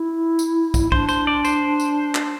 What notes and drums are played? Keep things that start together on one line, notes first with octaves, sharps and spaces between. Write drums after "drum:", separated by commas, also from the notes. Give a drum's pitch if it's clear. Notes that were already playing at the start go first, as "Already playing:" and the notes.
Already playing: E4
drum: tambourine
drum: kick, tambourine
D4 C5, drum: kick
C5, drum: tambourine
D5
C5, drum: tambourine
drum: tambourine
drum: clap